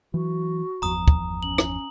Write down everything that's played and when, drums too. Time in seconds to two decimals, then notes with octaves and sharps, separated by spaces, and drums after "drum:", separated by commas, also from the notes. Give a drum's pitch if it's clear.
0.14 E3 F#3 F#4
0.82 G1 E2 F3 A#5 D#6
1.08 drum: kick
1.43 C#4 F#7
1.58 drum: rim click